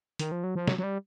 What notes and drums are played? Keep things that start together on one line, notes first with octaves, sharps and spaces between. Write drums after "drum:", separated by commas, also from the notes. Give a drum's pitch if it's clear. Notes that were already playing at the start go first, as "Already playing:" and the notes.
D#3, drum: hi-hat
F3
F#3
F3
F#3, drum: snare
F#3
G3